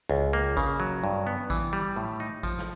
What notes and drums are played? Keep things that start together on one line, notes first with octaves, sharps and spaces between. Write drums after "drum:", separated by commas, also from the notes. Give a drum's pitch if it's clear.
C#2
A#3
C#3, drum: kick A1, tambourine
F#3
G2
B3
E3, drum: kick A1, tambourine
G3
A2
D#4
F3, drum: kick A1, tambourine
drum: snare